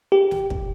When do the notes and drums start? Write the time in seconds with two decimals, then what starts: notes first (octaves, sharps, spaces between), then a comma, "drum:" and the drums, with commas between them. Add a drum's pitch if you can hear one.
0.12 G4
0.31 drum: snare
0.50 drum: kick